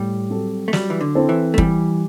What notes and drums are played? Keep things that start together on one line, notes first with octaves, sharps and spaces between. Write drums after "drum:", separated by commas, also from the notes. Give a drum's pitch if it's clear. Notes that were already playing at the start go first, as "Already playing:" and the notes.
Already playing: A2 G3
F#3 C4 F#4 A4
A3
F#3 G3, drum: snare
E3
D3
C4 E4 A4 C5
E3
A3
E3 G3, drum: kick